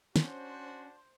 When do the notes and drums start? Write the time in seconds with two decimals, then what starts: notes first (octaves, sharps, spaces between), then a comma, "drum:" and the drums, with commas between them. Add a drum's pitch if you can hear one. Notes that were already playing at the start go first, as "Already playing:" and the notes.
0.16 C#4 D4 F#4 C5, drum: snare